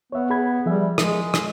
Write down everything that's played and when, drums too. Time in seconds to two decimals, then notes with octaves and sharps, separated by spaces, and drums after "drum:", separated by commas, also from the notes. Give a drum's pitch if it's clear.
0.12 B3 C#5 E5
0.30 G#4 B5 G#6
0.66 F3 G3 G#4 E5
0.98 G#3, drum: rim click
1.34 drum: rim click